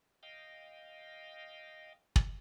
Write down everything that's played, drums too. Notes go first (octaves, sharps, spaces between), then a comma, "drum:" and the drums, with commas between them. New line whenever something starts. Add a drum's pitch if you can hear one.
D#5 F5 G5
drum: kick